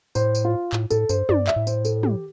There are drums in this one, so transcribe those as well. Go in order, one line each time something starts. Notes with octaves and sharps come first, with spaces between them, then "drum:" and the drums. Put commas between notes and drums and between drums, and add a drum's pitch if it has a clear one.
A2 C5, drum: tambourine
drum: tambourine
F4
A2, drum: clap
A2 A4, drum: tambourine
G2 C5, drum: tambourine
G2 D5, drum: tom
E5, drum: clap
A2
C5, drum: tambourine
A4, drum: tambourine
G4, drum: tom